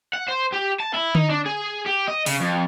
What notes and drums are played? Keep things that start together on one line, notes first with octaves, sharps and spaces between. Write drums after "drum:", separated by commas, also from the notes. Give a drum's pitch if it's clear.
F#5
C5
G4
A5
E4
D#4, drum: tom D3
D4
G#4
G4
D#5
C#3, drum: open hi-hat
F2